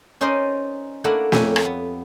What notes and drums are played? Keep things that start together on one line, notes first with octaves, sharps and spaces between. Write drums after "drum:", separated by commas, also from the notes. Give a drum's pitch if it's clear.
C#4 D#4 A#4 C5 D5 D#5
A3 A#3 D4 E4 A#4 F#5
F2 G4 A#4 C#5 E5 G#5, drum: snare
drum: rim click
B3